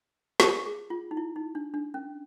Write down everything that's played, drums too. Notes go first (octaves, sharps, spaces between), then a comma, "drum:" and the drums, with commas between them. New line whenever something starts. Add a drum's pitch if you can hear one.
G#4, drum: snare
G#4
F4
D#4
E4
D#4
D4
D4
C#4